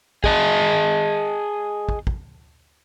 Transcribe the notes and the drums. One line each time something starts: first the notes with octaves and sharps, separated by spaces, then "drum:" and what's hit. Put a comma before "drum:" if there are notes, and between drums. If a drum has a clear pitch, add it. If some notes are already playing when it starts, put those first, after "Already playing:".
G#4 D#5 A5, drum: kick
drum: kick
drum: kick